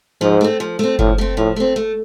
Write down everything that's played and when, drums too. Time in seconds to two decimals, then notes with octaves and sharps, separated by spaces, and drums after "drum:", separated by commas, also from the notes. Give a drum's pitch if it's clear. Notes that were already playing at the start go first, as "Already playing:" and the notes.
0.21 G#2 F3
0.41 A3 C4
0.60 F3
0.79 A3 C4
0.99 A2 F3, drum: kick F#1
1.18 A3 C4
1.37 A2 F3
1.56 A3 C4
1.76 A3